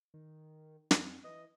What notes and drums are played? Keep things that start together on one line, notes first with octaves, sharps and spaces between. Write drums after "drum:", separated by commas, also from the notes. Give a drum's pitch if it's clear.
D#3
F2, drum: snare
E3 D#5